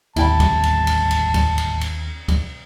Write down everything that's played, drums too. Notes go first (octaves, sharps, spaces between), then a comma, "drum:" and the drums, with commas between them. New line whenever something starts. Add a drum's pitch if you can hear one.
D1 G1 D#2 C3 E4 G5 A5 B5, drum: cymbal
drum: kick C#2, cymbal
drum: cymbal
drum: cymbal
drum: cymbal
drum: kick C#2, cymbal
drum: cymbal
drum: cymbal
drum: kick C#2, cymbal